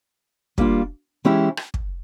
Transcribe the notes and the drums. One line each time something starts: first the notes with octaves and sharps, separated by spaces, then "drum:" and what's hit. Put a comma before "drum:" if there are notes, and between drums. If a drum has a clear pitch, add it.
G3 A#3 D4 F4, drum: kick
E3 G#3 C#4 E4 G4
drum: rim click
drum: kick